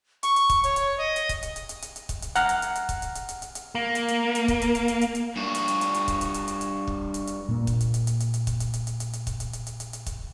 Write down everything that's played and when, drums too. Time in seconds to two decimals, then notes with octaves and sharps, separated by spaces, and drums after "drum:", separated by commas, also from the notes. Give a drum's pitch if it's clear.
0.23 C#6, drum: hi-hat
0.36 drum: hi-hat
0.50 drum: kick, hi-hat
0.64 C#5, drum: hi-hat
0.76 drum: hi-hat
0.98 D#5
1.16 drum: hi-hat
1.29 drum: kick, hi-hat
1.43 drum: hi-hat
1.56 drum: hi-hat
1.69 drum: hi-hat
1.82 drum: hi-hat
1.96 drum: hi-hat
2.09 drum: kick, hi-hat
2.22 drum: hi-hat
2.36 F#5 A#5 F6, drum: hi-hat
2.49 drum: hi-hat
2.62 drum: hi-hat
2.75 drum: hi-hat
2.89 drum: kick, hi-hat
3.02 drum: hi-hat
3.15 drum: hi-hat
3.29 drum: hi-hat
3.42 drum: hi-hat
3.55 drum: hi-hat
3.75 A#3
3.95 drum: hi-hat
4.08 drum: hi-hat
4.35 drum: hi-hat
4.48 drum: kick, hi-hat
4.62 drum: hi-hat
4.75 drum: hi-hat
4.88 drum: hi-hat
5.01 drum: hi-hat
5.15 drum: hi-hat
5.36 G2 F#4
5.55 drum: hi-hat
5.68 drum: hi-hat
5.81 drum: hi-hat
5.94 drum: hi-hat
6.08 drum: kick, hi-hat
6.21 drum: hi-hat
6.34 drum: hi-hat
6.48 drum: hi-hat
6.61 drum: hi-hat
6.87 drum: kick
7.14 drum: hi-hat
7.27 drum: hi-hat
7.49 A#2 A#3
7.67 drum: kick, hi-hat
7.80 drum: hi-hat
7.94 drum: hi-hat
8.07 drum: hi-hat
8.20 drum: hi-hat
8.34 drum: hi-hat
8.47 drum: kick, hi-hat
8.60 drum: hi-hat
8.74 drum: hi-hat
8.87 drum: hi-hat
9.00 drum: hi-hat
9.13 drum: hi-hat
9.27 drum: kick, hi-hat
9.40 drum: hi-hat
9.53 drum: hi-hat
9.67 drum: hi-hat
9.80 drum: hi-hat
9.93 drum: hi-hat
10.06 drum: kick, hi-hat